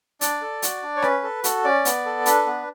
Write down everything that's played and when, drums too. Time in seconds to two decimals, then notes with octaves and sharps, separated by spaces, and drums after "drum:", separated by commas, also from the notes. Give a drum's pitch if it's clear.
0.21 D4 D5, drum: hi-hat
0.42 A4
0.62 F#4, drum: hi-hat
0.83 D4
0.96 C#5
1.02 C#4 B4, drum: rim click
1.23 A4
1.44 F#4 A4, drum: hi-hat
1.64 C#4 D5
1.85 B3, drum: hi-hat
2.05 A4
2.26 D4 B4, drum: hi-hat
2.46 B3